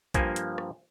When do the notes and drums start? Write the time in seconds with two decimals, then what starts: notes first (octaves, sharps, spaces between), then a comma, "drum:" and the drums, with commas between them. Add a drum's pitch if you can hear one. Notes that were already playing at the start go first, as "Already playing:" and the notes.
0.14 G2 F3 A#3 G#5, drum: kick, hi-hat
0.36 drum: hi-hat
0.58 drum: rim click